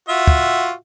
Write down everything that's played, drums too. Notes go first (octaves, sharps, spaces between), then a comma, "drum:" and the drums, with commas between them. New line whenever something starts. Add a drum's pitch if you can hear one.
F4 F#4 E5
drum: kick